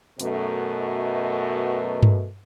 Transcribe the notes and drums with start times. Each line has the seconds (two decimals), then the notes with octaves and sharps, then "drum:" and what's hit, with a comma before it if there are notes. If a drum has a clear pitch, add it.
0.20 F#2 B2 A3, drum: hi-hat
2.03 drum: tom G2